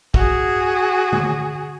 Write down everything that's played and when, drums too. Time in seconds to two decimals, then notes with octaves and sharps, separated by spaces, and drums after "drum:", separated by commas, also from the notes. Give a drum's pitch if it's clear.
0.14 F#4 G#4, drum: kick
1.12 drum: tom D3